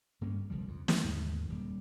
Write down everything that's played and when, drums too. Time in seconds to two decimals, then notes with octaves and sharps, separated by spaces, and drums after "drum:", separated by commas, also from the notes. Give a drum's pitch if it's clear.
0.21 G2 A#3 C#4
0.50 E1 C#2 F3 G3
0.68 F2
0.88 G#3, drum: snare
1.04 D#2 G#2 D3 G#3
1.49 D#1 G3